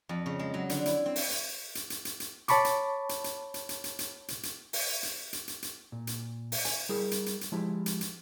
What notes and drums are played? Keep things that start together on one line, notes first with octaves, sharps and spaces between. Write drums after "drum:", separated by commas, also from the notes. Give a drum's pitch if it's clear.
F2
C#3
G#3
F#3
D3, drum: hi-hat
E4, drum: hi-hat
C4
drum: open hi-hat
drum: hi-hat
drum: hi-hat
drum: hi-hat
drum: hi-hat
drum: hi-hat
C#5 A5 B5 C#6 D6, drum: hi-hat
drum: hi-hat
drum: hi-hat
drum: hi-hat
drum: hi-hat
drum: hi-hat
drum: hi-hat
drum: hi-hat
drum: hi-hat
drum: hi-hat
drum: open hi-hat
drum: hi-hat
drum: hi-hat
drum: hi-hat
drum: hi-hat
A#2
drum: hi-hat
drum: open hi-hat
G#5, drum: hi-hat
G3 E4 G#4 A#4
drum: hi-hat
drum: hi-hat
drum: hi-hat
F3 G#3 E4 G4
drum: hi-hat
drum: hi-hat